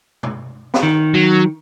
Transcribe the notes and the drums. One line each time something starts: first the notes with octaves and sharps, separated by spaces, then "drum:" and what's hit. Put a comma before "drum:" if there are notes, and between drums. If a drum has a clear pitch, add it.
drum: tom C3
drum: snare
D#3
F#3